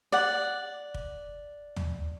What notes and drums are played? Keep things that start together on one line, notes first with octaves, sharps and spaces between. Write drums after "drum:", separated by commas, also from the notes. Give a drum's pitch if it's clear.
D5 F#5
drum: kick
drum: tom